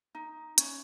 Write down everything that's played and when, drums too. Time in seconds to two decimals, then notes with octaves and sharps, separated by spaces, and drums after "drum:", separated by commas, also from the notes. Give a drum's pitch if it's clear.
0.15 D#4
0.58 C#4, drum: hi-hat